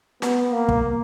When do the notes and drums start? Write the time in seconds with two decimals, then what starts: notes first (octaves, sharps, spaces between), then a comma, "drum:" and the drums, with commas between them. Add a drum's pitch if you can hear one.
0.22 B3, drum: snare
0.53 A#3
0.69 drum: kick